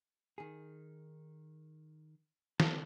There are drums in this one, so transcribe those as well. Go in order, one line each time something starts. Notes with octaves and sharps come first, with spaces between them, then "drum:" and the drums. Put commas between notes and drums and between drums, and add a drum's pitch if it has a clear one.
D#3 G#4
A4, drum: snare